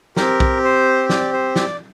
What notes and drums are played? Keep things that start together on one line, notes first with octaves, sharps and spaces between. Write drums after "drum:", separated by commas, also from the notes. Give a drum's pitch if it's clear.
C4 G4 A#4, drum: snare
drum: kick B1
C5
D5, drum: snare
C5
D5, drum: snare